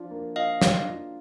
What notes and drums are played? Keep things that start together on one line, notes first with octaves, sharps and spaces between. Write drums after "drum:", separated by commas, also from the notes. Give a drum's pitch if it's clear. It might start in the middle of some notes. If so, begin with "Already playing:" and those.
Already playing: F3 D4 F4
A#3
F3 D#5 F5
D4, drum: snare
F4